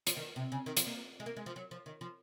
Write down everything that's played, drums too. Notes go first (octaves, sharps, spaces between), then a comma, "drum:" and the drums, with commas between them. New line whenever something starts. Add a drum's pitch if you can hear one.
F3, drum: hi-hat
D#3
C3
C#3
D#3
F3, drum: hi-hat
A#3
G#3
A#3
G#3
F3
F#3
F3
D#3
F3